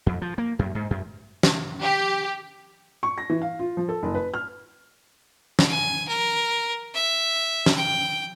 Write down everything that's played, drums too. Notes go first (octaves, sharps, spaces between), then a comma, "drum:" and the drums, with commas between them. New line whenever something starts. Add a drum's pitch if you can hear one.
F2
F3
A#3
F#2
G#2
F#2
drum: snare
G4
C#6
A#6
E3
F5
F4
F3
A4
F#1
B4
F6
drum: snare
G#5
A#4
E5
drum: snare
G5